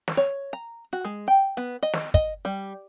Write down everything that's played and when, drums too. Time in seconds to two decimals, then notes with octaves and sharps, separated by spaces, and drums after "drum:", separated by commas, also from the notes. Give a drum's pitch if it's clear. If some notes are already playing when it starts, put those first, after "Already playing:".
0.08 drum: snare
0.17 C#5
0.53 A#5
0.93 F#4
1.05 G#3
1.28 G5
1.57 B3, drum: hi-hat
1.83 D#5
1.93 drum: snare
2.14 D#5, drum: kick
2.45 G3